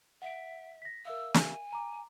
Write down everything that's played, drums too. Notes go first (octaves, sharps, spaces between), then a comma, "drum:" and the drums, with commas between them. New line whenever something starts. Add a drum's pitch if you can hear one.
E5 F#5 D7
A#6 B6
A#4 E5 F5 E6
G#5, drum: snare
A#5 D6